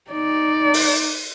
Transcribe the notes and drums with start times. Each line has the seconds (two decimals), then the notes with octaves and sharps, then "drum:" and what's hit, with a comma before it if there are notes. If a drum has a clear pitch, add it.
0.11 D#4 D5
0.74 drum: open hi-hat